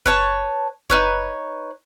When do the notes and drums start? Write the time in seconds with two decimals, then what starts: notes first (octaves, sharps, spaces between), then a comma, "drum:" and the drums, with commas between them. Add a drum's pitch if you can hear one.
0.06 B4 C#5 A5, drum: kick F#1
0.90 D#4 B4 C#5, drum: kick F#1